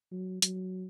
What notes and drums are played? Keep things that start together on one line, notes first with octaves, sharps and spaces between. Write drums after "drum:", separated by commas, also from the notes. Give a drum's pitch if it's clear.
F#3
F#3, drum: hi-hat